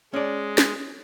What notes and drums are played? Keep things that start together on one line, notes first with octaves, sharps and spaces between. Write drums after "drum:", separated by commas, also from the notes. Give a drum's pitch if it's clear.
G#3 C#4 D5
drum: snare